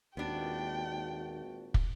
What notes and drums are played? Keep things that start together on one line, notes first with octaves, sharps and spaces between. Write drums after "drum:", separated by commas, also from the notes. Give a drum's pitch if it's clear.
G#1 D#2 A#2 B3 D4 F#4 G5
drum: kick